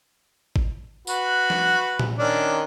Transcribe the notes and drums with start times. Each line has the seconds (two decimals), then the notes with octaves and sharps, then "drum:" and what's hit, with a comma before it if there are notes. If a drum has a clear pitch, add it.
0.56 drum: kick G#1
1.07 F#4 B4, drum: tambourine
1.50 drum: snare
1.99 drum: tom A#2
2.19 D#3 C#4 D4